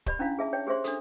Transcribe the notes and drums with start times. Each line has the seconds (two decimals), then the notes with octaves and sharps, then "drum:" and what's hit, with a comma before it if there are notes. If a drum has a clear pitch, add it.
0.06 G4 D5 B5, drum: kick
0.19 C#4 D4 E4 F5
0.39 G#4 E5 A5
0.53 C#5 G5
0.67 G4 G#4 C5 E5 C6
0.84 D4 A4, drum: hi-hat